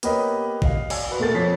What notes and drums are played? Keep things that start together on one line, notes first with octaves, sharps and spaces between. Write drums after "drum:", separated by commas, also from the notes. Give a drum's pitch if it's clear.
A#3 B3 G4 B4 C#5 D#5, drum: hi-hat
D#5 F5, drum: kick
D5 G#5 E6, drum: cymbal
F#4 B4
B2 A3 A#3 A6
F2 C#5 B6